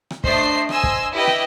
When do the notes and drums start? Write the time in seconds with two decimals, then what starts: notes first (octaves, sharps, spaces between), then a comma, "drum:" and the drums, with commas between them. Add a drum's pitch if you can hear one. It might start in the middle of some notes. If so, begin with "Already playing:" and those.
0.10 drum: rim click
0.24 A3 D4 C5 D#5 C7, drum: kick
0.69 C5 D#5 G#5 E6, drum: rim click
0.83 drum: kick
1.12 E4 G4 B4 D#5 G5
1.27 drum: rim click